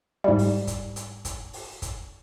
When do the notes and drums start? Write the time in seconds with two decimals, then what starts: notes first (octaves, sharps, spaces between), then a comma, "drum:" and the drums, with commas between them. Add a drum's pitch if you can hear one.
0.24 G#2 G3
0.39 drum: open hi-hat
0.67 drum: kick, hi-hat
0.96 drum: hi-hat
1.25 drum: kick, hi-hat
1.53 drum: open hi-hat
1.82 drum: kick, hi-hat